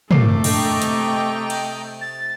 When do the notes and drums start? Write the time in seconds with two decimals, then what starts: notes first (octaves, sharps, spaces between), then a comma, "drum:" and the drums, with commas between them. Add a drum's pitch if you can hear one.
0.11 C2 A3 A#3 D6 C7, drum: tom
0.44 D4 A4 D#5 G5 A#5, drum: cymbal
0.82 C3, drum: hi-hat
1.50 drum: cymbal
2.01 A6